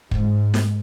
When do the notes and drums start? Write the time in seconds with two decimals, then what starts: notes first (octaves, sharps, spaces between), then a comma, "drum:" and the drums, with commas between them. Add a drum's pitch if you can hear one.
0.11 G#2, drum: kick
0.54 drum: snare